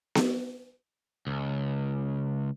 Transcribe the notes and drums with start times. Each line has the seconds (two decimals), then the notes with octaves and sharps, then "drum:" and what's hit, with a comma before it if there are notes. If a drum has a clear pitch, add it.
0.15 drum: snare B3
1.27 C#2